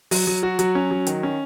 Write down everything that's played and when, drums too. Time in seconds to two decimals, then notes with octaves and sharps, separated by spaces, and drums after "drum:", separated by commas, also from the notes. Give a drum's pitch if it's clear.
0.11 F#3, drum: open hi-hat
0.27 F#3
0.43 F#4
0.59 F#3, drum: hi-hat
0.75 C#4
0.91 F#3
1.07 D#3, drum: hi-hat
1.23 C#4